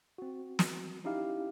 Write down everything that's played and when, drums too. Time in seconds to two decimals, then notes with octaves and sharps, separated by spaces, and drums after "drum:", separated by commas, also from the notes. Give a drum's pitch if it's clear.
0.18 C4 F#4
0.59 drum: snare
1.04 C#4 D#4 E4 G4 F5